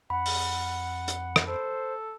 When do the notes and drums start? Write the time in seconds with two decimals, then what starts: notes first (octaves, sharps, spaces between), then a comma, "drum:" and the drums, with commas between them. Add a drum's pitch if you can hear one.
0.10 F2 F#5 B5
0.26 drum: open hi-hat
1.08 drum: hi-hat
1.36 drum: rim click
1.47 A4 C5